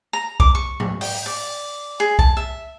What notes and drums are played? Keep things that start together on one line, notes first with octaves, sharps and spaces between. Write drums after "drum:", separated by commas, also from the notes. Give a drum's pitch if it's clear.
A#5
D6, drum: kick B1
C#6
drum: tom G#2
G5, drum: open hi-hat
D5
G#4
A5, drum: kick B1
E5